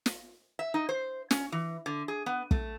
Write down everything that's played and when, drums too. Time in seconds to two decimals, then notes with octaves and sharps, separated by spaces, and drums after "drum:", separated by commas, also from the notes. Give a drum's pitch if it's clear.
0.06 drum: snare
0.59 E5
0.74 D#4
0.89 C5
1.31 C#4, drum: snare
1.52 E3
1.86 D3
2.08 G#4
2.26 B3
2.51 A3, drum: kick